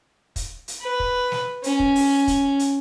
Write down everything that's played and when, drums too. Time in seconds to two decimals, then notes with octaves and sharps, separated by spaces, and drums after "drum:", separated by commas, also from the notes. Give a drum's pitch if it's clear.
0.36 drum: kick, hi-hat
0.68 drum: hi-hat
0.82 B4
1.00 drum: kick
1.32 drum: snare
1.64 C#4, drum: hi-hat
1.80 drum: kick
1.96 drum: open hi-hat
2.27 drum: kick, hi-hat
2.59 drum: hi-hat